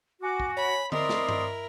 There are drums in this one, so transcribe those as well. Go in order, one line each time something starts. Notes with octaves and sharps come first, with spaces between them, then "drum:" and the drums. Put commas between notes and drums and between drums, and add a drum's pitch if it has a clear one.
F#4 G#5 D6
drum: kick
C#5 G#5 B5
C4 E4 A#4 D5 D#5 C6 D#6, drum: tom D3
drum: snare
drum: tom G2